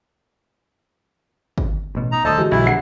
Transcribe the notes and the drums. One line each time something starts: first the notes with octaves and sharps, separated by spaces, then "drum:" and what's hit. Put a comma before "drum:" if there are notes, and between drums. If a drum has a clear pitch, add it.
drum: kick
A1 B2
D#4 A#5
D#1 D2 A4 C5 D#5 A5 D#6
D3 E3 G#3 F#4 G4
B1 E4
A#1 F#5 C7